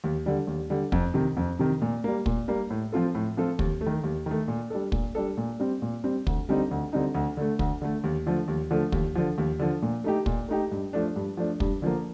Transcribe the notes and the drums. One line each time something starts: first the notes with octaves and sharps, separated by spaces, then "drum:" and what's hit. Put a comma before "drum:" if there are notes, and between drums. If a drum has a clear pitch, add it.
D#2
D3 G3
D#2
D3 G3
F2, drum: kick
C3 D#3
F2
C3 D#3
A#2
G3 A#3
A#2, drum: kick
G3 A#3
A2
F3 C4 F4 A4
A2
F3 C4 F4 A4
D#2, drum: kick
A3
D#3
D#2
D#3 A3
A#2
G3 D4 A4
A#2, drum: kick
G3 D4 A4
A#2
G3 C4
A#2
G3 C4
D2, drum: kick
D3 G3 C4 D#4
D2
D3 G3 C4 D#4
D2
D3 A3
D2, drum: kick
D3 A3
D#2
D3 F3 A3
D#2
D3 F3 A3
D#2, drum: kick
D3 F3
D#2
D3 F3
A#2
A3 D#4 G4
A#2, drum: kick
A3 D#4 G4
G2
F3 A3 D4
G2
F3 A3 D4
G2, drum: kick
D3 F3 A#3